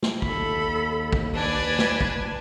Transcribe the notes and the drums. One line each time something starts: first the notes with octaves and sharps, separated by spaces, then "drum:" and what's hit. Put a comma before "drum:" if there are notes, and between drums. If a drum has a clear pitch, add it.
drum: snare
D#2 A4 B5, drum: kick
drum: kick
D4 B4 D5 G#5
drum: snare
drum: kick